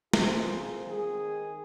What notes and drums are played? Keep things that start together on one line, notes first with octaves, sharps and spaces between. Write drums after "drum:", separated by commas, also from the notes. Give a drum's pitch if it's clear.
C4 F4 G#4 A#4 C5, drum: snare
D#3 G#4